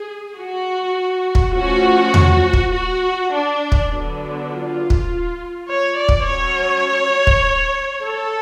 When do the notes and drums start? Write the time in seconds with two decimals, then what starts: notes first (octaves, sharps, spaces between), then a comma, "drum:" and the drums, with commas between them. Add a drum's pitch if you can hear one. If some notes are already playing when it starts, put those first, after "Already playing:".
Already playing: G#4
0.36 F#4
1.35 drum: kick
1.54 F3 A3 C#4 F#4
2.14 drum: tom E2
2.53 drum: kick
2.73 F#4
3.33 D4
3.72 drum: kick
3.92 D3 F#3 B3 D4
4.51 F4
4.90 drum: kick
5.70 C#5
5.99 D5
6.09 drum: kick
6.29 F#3 C#4 C#5
7.27 drum: kick
8.05 A4